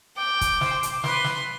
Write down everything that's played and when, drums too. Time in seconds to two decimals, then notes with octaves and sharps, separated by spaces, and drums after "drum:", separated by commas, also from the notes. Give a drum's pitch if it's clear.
0.18 G5 D6
0.41 drum: kick, hi-hat
0.61 C5, drum: snare
0.83 drum: hi-hat
1.04 B4 C6, drum: snare
1.24 drum: snare